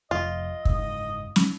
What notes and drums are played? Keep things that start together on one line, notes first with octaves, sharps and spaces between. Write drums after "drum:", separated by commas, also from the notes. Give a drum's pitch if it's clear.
F1 F3 F4 D#5
F#1 G#2 D#6, drum: kick
drum: snare